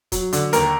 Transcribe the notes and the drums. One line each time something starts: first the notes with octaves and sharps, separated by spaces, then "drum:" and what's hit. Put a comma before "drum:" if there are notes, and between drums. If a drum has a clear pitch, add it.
F#3, drum: kick, hi-hat
D3, drum: hi-hat
D#2 A#4, drum: hi-hat